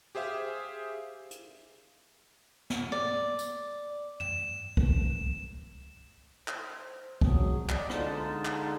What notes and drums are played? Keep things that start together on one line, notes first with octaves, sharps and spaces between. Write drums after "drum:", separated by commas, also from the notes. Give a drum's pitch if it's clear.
G4 G#4 C5 E5 F5
drum: hi-hat
drum: snare
D5
drum: tambourine
E7, drum: tom
drum: kick
C5, drum: clap
F#3 G#4, drum: kick
D5 D#5, drum: clap
D3 G#3 D#4 F4 A5, drum: rim click
drum: clap